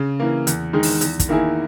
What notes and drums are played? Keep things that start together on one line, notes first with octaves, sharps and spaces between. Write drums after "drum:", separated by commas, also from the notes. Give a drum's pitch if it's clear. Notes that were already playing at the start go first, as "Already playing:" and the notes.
Already playing: C#3
E3 A#3
E2, drum: hi-hat
D#3 G#3 D#4
drum: open hi-hat
E2, drum: hi-hat
drum: kick, hi-hat
D#3 A#3 E4 G#4